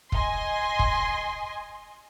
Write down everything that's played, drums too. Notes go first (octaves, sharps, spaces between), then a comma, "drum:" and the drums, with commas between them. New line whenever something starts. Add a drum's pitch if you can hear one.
D#5 G#5 C6, drum: kick
drum: kick